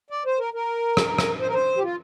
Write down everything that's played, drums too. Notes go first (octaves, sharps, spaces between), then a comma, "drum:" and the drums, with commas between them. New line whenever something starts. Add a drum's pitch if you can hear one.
D5
C5
A#4
A#4
drum: rim click
drum: rim click
C5
A#4
C5
G4
F4